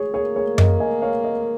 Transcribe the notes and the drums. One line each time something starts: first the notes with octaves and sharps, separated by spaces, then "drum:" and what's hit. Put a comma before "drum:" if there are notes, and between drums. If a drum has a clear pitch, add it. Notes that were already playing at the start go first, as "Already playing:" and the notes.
Already playing: G#4 C#5
A#3 G#4 C#5
G#4 C#5
A#4 D#5, drum: tom F#2
D#5 G#5
C#5 F5
A#4 D#5